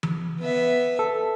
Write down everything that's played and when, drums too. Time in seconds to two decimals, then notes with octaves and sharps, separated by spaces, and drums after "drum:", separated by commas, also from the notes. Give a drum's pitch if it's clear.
0.03 drum: tom E3
0.40 B3 E5
0.99 A4